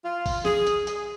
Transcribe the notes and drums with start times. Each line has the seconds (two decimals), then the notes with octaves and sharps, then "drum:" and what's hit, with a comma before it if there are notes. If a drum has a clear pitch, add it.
0.05 F4
0.26 drum: kick A#1, open hi-hat
0.45 G#4, drum: snare
0.67 drum: hi-hat
0.87 G#4, drum: hi-hat